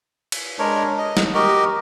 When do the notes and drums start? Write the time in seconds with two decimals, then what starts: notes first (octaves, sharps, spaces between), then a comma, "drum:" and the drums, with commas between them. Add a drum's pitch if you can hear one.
0.32 drum: cymbal
0.59 G#3 D4 A#4 C#5
0.98 D#5
1.17 drum: snare
1.34 F#4 G4 A#4 D#5